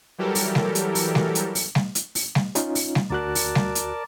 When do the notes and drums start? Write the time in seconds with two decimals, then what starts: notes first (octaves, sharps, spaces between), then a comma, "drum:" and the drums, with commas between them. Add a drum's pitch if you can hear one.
0.18 E3 F#3 G3 G4 A4 A#4
0.35 drum: open hi-hat
0.55 drum: snare G3
0.75 drum: hi-hat
0.95 drum: open hi-hat
1.15 drum: snare G3
1.35 drum: hi-hat
1.55 drum: open hi-hat
1.75 drum: snare G3
1.95 drum: hi-hat
2.15 drum: open hi-hat
2.35 drum: snare G3
2.55 C#4 D#4 F4, drum: hi-hat
2.75 drum: open hi-hat
2.95 drum: snare G3
3.10 D2 F#4 A#4 D5 A5 F#6
3.35 drum: open hi-hat
3.55 drum: snare G3
3.75 drum: hi-hat